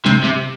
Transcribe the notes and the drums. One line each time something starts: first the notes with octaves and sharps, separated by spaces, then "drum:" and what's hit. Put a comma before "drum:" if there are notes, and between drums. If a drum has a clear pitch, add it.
C3, drum: tom
C3